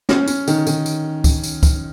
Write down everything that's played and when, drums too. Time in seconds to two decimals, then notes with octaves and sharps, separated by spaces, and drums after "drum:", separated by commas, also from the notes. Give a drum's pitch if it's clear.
0.09 C#4, drum: snare
0.28 C#4, drum: tambourine
0.48 D#3, drum: tambourine
0.67 D#3, drum: tambourine
0.86 drum: tambourine
1.24 drum: kick C#2, tambourine
1.43 drum: tambourine
1.63 drum: kick C#2, tambourine